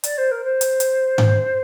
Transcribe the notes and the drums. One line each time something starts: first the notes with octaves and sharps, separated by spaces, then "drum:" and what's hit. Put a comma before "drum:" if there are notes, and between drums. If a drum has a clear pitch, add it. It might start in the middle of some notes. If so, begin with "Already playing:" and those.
D5, drum: hi-hat
C5
A#4
C5
drum: hi-hat
drum: hi-hat
drum: tom G#2